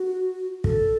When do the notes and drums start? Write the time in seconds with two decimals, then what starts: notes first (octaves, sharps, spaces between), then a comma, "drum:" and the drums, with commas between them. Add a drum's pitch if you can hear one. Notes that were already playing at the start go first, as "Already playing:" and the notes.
Already playing: F#4
0.64 A4, drum: kick